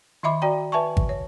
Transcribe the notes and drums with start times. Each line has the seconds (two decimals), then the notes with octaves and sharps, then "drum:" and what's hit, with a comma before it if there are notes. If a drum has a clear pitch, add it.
0.23 D#3 D#5 E5 B5 D6
0.42 F#4 D5 G5 A#5
0.72 B4 E5 G#5 A5 C#6
0.97 drum: kick G#1
1.09 C#5